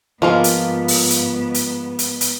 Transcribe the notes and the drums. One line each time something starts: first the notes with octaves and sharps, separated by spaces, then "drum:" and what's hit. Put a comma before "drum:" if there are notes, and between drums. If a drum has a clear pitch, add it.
G#2 F3 G#3 A#3 B3 F4 F5
drum: hi-hat
drum: open hi-hat
drum: hi-hat
drum: hi-hat
drum: hi-hat
drum: hi-hat